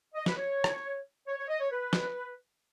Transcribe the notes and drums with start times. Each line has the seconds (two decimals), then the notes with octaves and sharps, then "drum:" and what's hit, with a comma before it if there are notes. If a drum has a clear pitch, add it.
0.14 D#5
0.26 B4, drum: snare
0.37 C#5
0.64 drum: rim click
1.27 C#5
1.38 C#5
1.48 D#5
1.60 C#5
1.71 B4
1.93 drum: snare